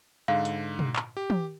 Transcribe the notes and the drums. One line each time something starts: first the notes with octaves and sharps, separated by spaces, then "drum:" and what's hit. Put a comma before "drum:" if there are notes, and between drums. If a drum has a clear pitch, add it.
G#2 D3 F5
drum: hi-hat
drum: tom
drum: clap
G4
drum: tom